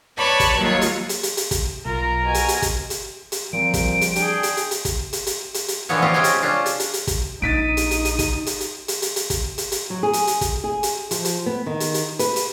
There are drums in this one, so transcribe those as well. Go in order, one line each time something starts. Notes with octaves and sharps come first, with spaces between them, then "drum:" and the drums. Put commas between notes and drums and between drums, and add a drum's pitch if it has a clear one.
B4 C#5 D5 A5 B5 C#6
drum: kick, hi-hat
D#2 F#3 G3 F4 C#5
drum: hi-hat
drum: hi-hat
drum: hi-hat
drum: hi-hat
drum: kick, hi-hat
B1 F4 A#4
B2 G#5
drum: hi-hat
drum: hi-hat
drum: kick, hi-hat
drum: hi-hat
drum: hi-hat
A#2 F3 G3 C4 D7
drum: kick, hi-hat
drum: hi-hat
D4 G#4 G5, drum: hi-hat
drum: hi-hat
drum: hi-hat
drum: hi-hat
drum: kick, hi-hat
drum: hi-hat
drum: hi-hat
drum: hi-hat
drum: hi-hat
B2 D3 E3 F3 B3 C#5
B3 C4 F4 G4 C#5 D#5
C3 G#3 C#4 G5 G#5
drum: hi-hat
C#4 D4 F4
drum: hi-hat
drum: hi-hat
drum: hi-hat
drum: kick, hi-hat
A#1 D#4 A6 B6 D7 D#7
drum: hi-hat
drum: hi-hat
drum: hi-hat
drum: kick, hi-hat
drum: hi-hat
drum: hi-hat
drum: hi-hat
drum: hi-hat
drum: hi-hat
drum: kick, hi-hat
drum: hi-hat
drum: hi-hat
F#3
G#4
drum: hi-hat
drum: hi-hat
drum: kick, hi-hat
G#4
drum: hi-hat
F3, drum: hi-hat
drum: hi-hat
B3
D#3
drum: hi-hat
drum: hi-hat
B4, drum: hi-hat
drum: hi-hat